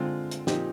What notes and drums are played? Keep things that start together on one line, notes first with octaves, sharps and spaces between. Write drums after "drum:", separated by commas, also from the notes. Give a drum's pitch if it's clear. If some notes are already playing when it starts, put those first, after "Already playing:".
Already playing: D3 G#3 C4 F4
drum: hi-hat
A#2 F3 C4 D#4 G4, drum: snare